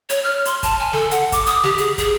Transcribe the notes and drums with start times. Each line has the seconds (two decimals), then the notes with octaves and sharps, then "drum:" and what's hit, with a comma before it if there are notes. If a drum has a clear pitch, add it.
0.10 C#5, drum: hi-hat
0.24 F6
0.45 C6, drum: hi-hat
0.63 A5, drum: kick, hi-hat
0.80 G#5
0.93 A4, drum: snare
1.11 F#5, drum: hi-hat
1.32 D6, drum: kick, hi-hat
1.46 D#6, drum: hi-hat
1.64 G4, drum: snare
1.78 G#4, drum: hi-hat
1.98 G#4, drum: kick, hi-hat